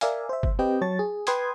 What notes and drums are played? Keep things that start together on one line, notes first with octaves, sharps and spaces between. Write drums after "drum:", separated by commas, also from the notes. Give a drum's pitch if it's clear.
A#4 D5 E5 F5 G#5, drum: hi-hat
C5 E5
drum: kick
C4 G4 B4 D#5 G5
F#3 C#5 A5 A6
G#4
B4 G5 C6 D#6 G#6, drum: hi-hat